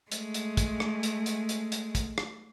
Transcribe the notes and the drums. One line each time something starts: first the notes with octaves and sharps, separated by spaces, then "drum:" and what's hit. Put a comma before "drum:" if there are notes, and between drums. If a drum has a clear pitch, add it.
G#3 A3, drum: hi-hat
drum: hi-hat
drum: kick, hi-hat
drum: rim click
drum: hi-hat
drum: hi-hat
drum: hi-hat
drum: hi-hat
drum: kick, hi-hat
drum: rim click